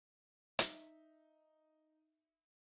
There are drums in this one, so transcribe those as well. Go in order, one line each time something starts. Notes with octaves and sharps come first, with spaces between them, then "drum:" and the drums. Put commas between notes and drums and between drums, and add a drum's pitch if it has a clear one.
D#4 E5, drum: hi-hat